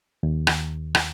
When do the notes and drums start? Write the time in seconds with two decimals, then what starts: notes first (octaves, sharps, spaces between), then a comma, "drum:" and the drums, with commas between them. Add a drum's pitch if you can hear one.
0.23 D#2
0.47 drum: rim click
0.95 drum: rim click